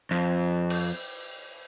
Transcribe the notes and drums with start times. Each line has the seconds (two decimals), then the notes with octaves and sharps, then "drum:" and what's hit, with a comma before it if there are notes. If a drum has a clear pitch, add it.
0.11 F2
0.70 drum: cymbal